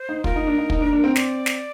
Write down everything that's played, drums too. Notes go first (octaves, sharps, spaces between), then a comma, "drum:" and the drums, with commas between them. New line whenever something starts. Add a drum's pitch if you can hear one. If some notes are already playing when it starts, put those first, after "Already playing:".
Already playing: C5
D#4
F4 A#4, drum: kick
D#4
D4
D#4
D#4, drum: kick
D4
D4
C4
D5, drum: snare
drum: snare